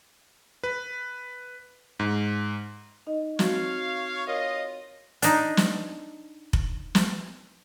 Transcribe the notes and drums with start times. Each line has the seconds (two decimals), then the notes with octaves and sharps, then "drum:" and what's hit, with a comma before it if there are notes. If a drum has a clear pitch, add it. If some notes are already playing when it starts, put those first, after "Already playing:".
0.64 B4
2.00 G#2
3.07 D#4 D#5
3.39 C4 F#4 C#5 F5, drum: snare
4.27 F4 A#4 C#5 D#5 F5
5.22 D4 D#4, drum: hi-hat
5.57 drum: snare
6.53 drum: kick F1
6.95 drum: snare